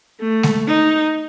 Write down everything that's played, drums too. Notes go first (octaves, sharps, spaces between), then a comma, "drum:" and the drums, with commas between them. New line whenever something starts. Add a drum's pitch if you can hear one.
A3
drum: snare G#3
D#4